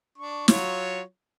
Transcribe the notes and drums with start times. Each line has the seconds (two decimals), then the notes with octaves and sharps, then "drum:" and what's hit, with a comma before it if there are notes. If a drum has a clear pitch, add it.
0.18 D4 C#6
0.48 F#3 F4 C#5, drum: snare